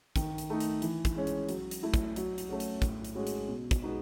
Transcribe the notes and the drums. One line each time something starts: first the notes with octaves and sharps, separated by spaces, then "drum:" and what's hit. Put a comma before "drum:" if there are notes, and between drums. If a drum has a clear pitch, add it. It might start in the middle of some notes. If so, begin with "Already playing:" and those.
D#3, drum: kick, hi-hat
drum: hi-hat
A3 D#4
drum: hi-hat
E3, drum: hi-hat
drum: kick, hi-hat
G#3 C#4
drum: hi-hat
F#3, drum: hi-hat
drum: hi-hat
A3 E4
drum: kick, hi-hat
F#3, drum: hi-hat
drum: hi-hat
A3 C#4 F#4
drum: hi-hat
A2, drum: kick, hi-hat
drum: hi-hat
G#3 C#4 F#4
drum: hi-hat
B2
drum: kick, hi-hat
G#3 B3 D#4 F#4